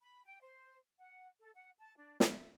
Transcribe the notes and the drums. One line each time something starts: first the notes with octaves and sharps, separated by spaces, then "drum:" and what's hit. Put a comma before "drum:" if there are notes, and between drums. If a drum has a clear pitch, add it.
B5
G5
C5
F#5
A4
F#5
A5
D4
E5, drum: snare